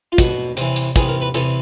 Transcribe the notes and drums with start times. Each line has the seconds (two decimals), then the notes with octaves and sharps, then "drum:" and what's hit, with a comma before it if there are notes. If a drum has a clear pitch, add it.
0.12 F4
0.18 B2 F#4, drum: kick, hi-hat
0.57 C3 E3, drum: hi-hat
0.76 drum: hi-hat
0.96 C3 E3 G#4, drum: kick, hi-hat
1.08 A#4
1.21 B4
1.34 C3 E3 A4, drum: hi-hat